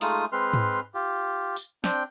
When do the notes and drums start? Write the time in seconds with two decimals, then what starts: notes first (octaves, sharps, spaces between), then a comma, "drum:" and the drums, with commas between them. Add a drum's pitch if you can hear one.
0.01 G#3 A3 D#4 F4 D#6, drum: open hi-hat
0.32 G#3 C4 B4 C6 F6
0.53 drum: tom G#2
0.94 F4 G4
1.56 drum: tambourine
1.84 C4 D4 G5, drum: snare